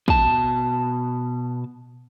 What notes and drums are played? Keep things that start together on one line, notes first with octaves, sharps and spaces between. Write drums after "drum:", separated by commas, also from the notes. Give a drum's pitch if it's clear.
B2 A5, drum: kick